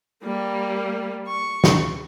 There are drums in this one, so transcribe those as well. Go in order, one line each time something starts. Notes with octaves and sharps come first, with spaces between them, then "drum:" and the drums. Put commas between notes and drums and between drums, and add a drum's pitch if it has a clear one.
G3 A#3
C#6
drum: snare